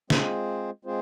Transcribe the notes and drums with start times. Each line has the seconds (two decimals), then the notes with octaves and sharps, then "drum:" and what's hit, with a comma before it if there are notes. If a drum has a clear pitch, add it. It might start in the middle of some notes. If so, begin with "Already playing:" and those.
0.10 G#3 C4 F4 G#4 C5, drum: snare
0.85 G#3 C4 F4 G#4 C5